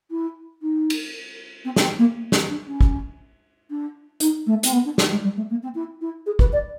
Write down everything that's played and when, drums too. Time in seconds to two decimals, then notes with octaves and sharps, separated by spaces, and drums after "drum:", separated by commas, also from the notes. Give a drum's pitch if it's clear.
0.10 E4
0.62 D#4
0.90 drum: cymbal
1.64 C4
1.76 C#4, drum: snare
1.81 C4
1.98 A#3
2.32 C#4, drum: snare
2.50 D4
2.67 C#4
2.81 drum: kick
3.70 D4
4.20 D#4, drum: hi-hat
4.46 A3
4.63 C4, drum: hi-hat
4.72 B3
4.85 D4
4.98 D4, drum: snare
5.11 G#3
5.23 G3
5.36 A3
5.50 A#3
5.63 C4
5.75 E4
6.01 E4
6.26 G#4
6.39 B4, drum: kick
6.52 D5